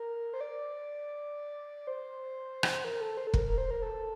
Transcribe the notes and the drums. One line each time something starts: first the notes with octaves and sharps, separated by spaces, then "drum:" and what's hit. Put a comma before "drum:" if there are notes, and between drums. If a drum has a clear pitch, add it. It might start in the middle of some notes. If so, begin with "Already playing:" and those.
Already playing: A#4
C5
D5
C5
drum: rim click
A#4
A4
C5
A4
A#4, drum: kick
A#4
C5
A#4
A4